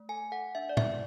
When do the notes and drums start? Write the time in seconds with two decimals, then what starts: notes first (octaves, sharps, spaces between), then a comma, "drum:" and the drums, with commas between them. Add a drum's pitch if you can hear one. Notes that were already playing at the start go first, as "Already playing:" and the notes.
Already playing: A3
0.09 A4 G#5
0.32 A4 F#5
0.55 D4 E5
0.69 D5
0.77 E4 E5, drum: tom A2